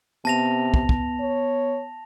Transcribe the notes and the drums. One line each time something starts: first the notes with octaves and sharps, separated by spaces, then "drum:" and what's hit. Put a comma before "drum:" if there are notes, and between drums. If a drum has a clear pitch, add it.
C3 B3 A5 A#6 F7
drum: kick
drum: kick
C#5